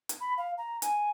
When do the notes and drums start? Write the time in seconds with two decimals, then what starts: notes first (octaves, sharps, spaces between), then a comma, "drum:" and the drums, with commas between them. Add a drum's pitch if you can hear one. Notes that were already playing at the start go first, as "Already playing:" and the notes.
0.09 drum: hi-hat
0.21 B5
0.38 F5
0.58 A#5
0.82 G#5, drum: hi-hat